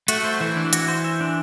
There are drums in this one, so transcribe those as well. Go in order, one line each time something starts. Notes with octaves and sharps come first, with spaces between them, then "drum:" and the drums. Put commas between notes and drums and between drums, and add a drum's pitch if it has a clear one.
A3 F#4, drum: hi-hat
C5
E3 E5
D4
F#4, drum: hi-hat
C5
E5
D4